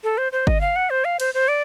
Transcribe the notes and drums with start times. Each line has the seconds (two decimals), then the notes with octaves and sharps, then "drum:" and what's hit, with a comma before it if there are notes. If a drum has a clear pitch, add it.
0.04 A4
0.18 C5
0.32 C5
0.47 D#5, drum: kick G1
0.61 F5
0.76 F#5
0.90 C5
1.05 F5
1.20 C5, drum: cymbal
1.34 C5
1.48 D5